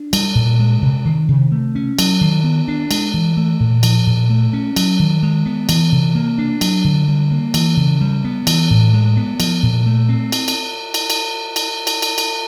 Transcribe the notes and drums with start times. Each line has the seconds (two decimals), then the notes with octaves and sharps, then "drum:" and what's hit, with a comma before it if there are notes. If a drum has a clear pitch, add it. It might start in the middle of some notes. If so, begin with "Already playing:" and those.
Already playing: D4
0.13 G3, drum: cymbal
0.35 A#2
0.60 G#3
0.82 C3
1.05 D#3
1.28 C3
1.52 A3
1.75 C#4
1.99 F#3, drum: cymbal
2.21 D#3
2.44 B3
2.68 D4
2.91 G#3, drum: cymbal
3.14 E3
3.37 A3
3.60 A#2
3.83 F3, drum: cymbal
4.07 A#2
4.30 A3
4.53 C#4
4.76 F#3, drum: cymbal
5.00 D#3
5.23 G#3
5.46 B3
5.69 E3, drum: cymbal
5.92 C3
6.15 A#3
6.38 D4
6.61 F#3, drum: cymbal
6.84 D3
7.08 G3
7.31 A#3
7.54 E3, drum: cymbal
7.77 C#3
8.01 G3
8.24 B3
8.47 E3, drum: cymbal
8.70 A2
8.93 G#3
9.17 B3
9.40 F3, drum: cymbal
9.63 A#2
9.86 A3
10.09 C4
10.32 drum: cymbal
10.48 drum: cymbal
10.94 drum: cymbal
11.10 drum: cymbal
11.56 drum: cymbal
11.87 drum: cymbal
12.02 drum: cymbal
12.18 drum: cymbal